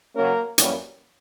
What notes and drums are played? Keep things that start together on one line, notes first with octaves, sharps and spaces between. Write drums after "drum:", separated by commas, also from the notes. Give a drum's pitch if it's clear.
C#3 F#3 A#3 C#4 A#4
F#2 E3 G3 A#3 C#4, drum: hi-hat